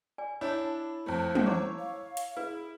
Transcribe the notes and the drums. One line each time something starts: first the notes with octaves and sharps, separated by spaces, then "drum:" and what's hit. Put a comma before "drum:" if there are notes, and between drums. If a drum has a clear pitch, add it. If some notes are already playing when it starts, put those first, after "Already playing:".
D5 G#5
D4 E4 C#5 A5
F2 A3 C5
drum: tom
C#5 F#5 A#5 D6
F5
drum: hi-hat
E4 G#4 B4